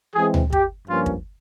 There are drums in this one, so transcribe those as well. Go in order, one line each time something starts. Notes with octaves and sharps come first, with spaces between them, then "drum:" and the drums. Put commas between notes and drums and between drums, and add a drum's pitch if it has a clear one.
E3 G#3 C4 G#4
drum: tom D2
G4, drum: kick
G2 F3 A#3 C#4 F4
drum: kick